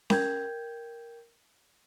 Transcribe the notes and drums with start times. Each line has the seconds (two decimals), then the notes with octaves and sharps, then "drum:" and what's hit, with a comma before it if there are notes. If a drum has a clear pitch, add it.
0.10 A#4 G5 G6 G#6, drum: snare C#4